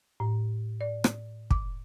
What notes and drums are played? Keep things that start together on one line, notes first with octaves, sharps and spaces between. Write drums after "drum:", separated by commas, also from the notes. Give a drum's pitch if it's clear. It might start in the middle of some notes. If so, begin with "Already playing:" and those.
A2
D5
drum: rim click
D6, drum: kick